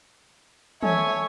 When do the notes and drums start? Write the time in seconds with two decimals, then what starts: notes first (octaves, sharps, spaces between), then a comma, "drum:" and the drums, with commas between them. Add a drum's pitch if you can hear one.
0.83 A4 C#5 E5 G#5, drum: tom